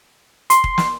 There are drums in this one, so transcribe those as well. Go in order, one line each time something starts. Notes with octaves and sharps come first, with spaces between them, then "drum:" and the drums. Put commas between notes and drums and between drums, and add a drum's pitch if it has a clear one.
C6, drum: hi-hat
drum: kick
drum: snare